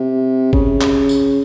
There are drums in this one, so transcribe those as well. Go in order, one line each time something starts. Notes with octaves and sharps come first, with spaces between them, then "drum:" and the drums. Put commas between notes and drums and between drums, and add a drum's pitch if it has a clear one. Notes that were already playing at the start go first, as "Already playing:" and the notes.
Already playing: C3
C#3, drum: kick G1
drum: clap
drum: tambourine